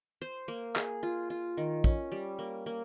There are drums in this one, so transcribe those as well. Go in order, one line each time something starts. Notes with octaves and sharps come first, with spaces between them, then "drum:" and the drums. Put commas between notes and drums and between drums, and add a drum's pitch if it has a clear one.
C5
A#3
G#4, drum: clap
F4
F4
D#3
C#4, drum: kick
G3
A#3
A#3